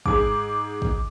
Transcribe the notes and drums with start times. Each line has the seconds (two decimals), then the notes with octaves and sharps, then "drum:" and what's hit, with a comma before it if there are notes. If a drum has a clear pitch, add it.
0.06 G#2 G#4 D6, drum: kick
0.82 drum: kick